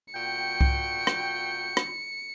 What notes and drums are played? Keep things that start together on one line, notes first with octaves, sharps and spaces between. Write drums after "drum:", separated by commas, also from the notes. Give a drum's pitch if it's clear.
A#2 F#4 G5 C#7
drum: kick C2
drum: rim click
drum: rim click